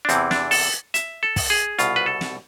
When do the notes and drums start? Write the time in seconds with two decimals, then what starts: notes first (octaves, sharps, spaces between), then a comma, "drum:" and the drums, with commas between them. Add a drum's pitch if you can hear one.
0.05 D4
0.09 E2 C3 E3 C4, drum: hi-hat
0.31 D4, drum: snare
0.51 A4, drum: open hi-hat
0.94 E5, drum: hi-hat
1.23 A4
1.36 drum: kick, open hi-hat
1.50 G#4
1.79 C2 B2 F4, drum: hi-hat
1.96 B4
2.06 A4
2.21 drum: snare